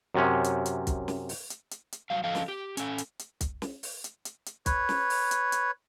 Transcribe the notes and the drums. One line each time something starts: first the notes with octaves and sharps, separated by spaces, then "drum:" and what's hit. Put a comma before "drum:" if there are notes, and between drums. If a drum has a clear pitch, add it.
F#2 C3 C#4
drum: hi-hat
drum: hi-hat
drum: kick, hi-hat
drum: snare
drum: open hi-hat
drum: hi-hat
drum: hi-hat
drum: hi-hat
F#3 G3 F5
D3 F3 F4 A4 D#5 F5
drum: snare
G4
C#4 A4, drum: hi-hat
drum: hi-hat
drum: hi-hat
drum: kick, hi-hat
drum: snare
drum: open hi-hat
drum: hi-hat
drum: hi-hat
drum: hi-hat
B4 C#5, drum: kick, hi-hat
drum: snare
drum: open hi-hat
drum: hi-hat
drum: hi-hat